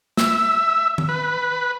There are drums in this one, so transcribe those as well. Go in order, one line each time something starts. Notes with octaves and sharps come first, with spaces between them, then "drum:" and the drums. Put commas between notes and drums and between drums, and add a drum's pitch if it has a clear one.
E5, drum: snare
drum: tom D#3
B4